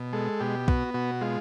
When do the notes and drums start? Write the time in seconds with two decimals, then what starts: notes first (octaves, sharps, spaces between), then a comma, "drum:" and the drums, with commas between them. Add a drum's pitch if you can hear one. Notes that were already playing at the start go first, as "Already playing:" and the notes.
Already playing: B2
0.13 G#3 A4
0.40 B2 G4
0.68 B3 F#4, drum: kick B1
0.94 B2 F#4
1.21 G#3 F4